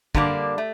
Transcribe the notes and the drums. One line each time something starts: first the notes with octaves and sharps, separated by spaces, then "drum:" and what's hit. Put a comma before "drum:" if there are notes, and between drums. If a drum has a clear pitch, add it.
D3 G3 A#3 D4, drum: kick
A3